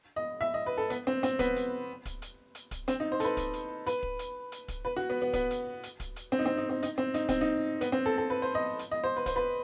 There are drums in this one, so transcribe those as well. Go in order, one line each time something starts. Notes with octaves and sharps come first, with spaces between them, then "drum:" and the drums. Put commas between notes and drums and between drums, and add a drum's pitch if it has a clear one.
D#5
E5
D#5
B4
A4
B3, drum: hi-hat
C4
C4, drum: hi-hat
B3, drum: kick, hi-hat
drum: hi-hat
drum: kick, hi-hat
drum: hi-hat
drum: hi-hat
drum: kick, hi-hat
C4, drum: hi-hat
D#4
C5
A4, drum: hi-hat
B4
drum: kick, hi-hat
drum: hi-hat
B4, drum: hi-hat
drum: kick
drum: hi-hat
drum: hi-hat
drum: kick, hi-hat
B4
F#4
B3
B3
B3, drum: kick, hi-hat
drum: hi-hat
drum: hi-hat
drum: kick, hi-hat
drum: hi-hat
C4
D#4
C4
D#4
C4
D#4, drum: hi-hat
C4
D#4, drum: hi-hat
C4, drum: kick, hi-hat
D#4
B3, drum: hi-hat
C4
A4
A4
B4
C5
D#5
drum: hi-hat
D#5
C5
B4
C5, drum: kick, hi-hat
B4